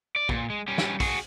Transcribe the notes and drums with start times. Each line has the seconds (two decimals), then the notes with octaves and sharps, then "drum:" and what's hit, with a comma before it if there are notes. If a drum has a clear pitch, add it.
0.16 D5
0.29 A#2, drum: kick
0.50 G#3
0.68 G3 C#4
0.78 drum: snare
1.00 F#4 G#4, drum: kick, open hi-hat